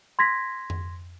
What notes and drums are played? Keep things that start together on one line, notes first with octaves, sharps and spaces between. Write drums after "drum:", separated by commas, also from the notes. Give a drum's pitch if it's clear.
C6 G#6 A#6 B6
drum: tom F2